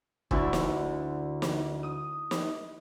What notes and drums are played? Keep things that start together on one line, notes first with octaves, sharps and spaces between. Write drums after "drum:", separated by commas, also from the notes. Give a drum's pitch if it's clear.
D2 D3 E4, drum: kick
drum: snare
drum: snare
D#6
drum: snare